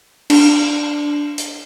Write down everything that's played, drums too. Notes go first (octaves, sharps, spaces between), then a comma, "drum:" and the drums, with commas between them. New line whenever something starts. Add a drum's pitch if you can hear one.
D4, drum: cymbal
drum: hi-hat